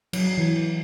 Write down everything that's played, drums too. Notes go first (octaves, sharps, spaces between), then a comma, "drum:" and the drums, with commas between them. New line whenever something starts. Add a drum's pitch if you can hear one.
F#3, drum: cymbal
E3